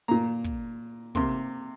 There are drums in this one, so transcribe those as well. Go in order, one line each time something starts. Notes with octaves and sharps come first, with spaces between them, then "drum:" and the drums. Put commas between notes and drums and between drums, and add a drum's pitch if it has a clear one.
A#2 A#3 A#5
drum: kick
C3 A#3 C6, drum: kick